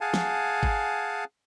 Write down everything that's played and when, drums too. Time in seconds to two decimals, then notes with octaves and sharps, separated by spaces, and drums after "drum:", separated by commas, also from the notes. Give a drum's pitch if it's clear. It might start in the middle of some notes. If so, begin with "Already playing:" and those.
0.01 G#4 F5 F#5 G#5 A5
0.14 drum: snare
0.63 drum: kick G#1